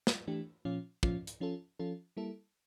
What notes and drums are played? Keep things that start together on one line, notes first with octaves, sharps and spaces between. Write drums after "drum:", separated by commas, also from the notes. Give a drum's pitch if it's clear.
drum: snare
E3 A3 D4 G4
A#2 F3 C#4 F4
A#2 F3 C#4 F4, drum: kick
drum: hi-hat
F3 C#4 F4 A4
F3 C#4 F4 A4
G3 A#3 E4 A4